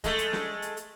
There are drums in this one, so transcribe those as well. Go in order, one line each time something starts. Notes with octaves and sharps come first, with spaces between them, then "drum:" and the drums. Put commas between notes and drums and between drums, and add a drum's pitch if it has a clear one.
G#3 A3, drum: kick, hi-hat
drum: hi-hat
drum: snare
drum: hi-hat
drum: hi-hat